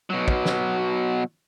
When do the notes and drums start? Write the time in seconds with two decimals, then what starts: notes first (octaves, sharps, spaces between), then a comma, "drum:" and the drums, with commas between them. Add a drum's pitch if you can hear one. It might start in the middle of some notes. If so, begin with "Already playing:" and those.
0.10 B2 F#3
0.28 drum: kick
0.46 drum: snare